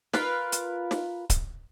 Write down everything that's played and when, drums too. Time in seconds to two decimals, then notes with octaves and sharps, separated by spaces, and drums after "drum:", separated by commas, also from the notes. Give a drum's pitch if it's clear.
0.13 F4 A#4 B4 F5, drum: snare
0.52 drum: hi-hat
0.91 drum: snare
1.30 drum: kick C#1, hi-hat